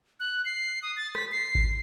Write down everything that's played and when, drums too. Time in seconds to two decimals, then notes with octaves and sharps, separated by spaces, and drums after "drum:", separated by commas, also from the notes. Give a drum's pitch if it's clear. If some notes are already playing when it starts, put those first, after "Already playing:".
0.20 F#6
0.45 C7
0.82 D#6
0.97 A6
1.15 B6, drum: rim click
1.32 C7
1.55 drum: kick G#1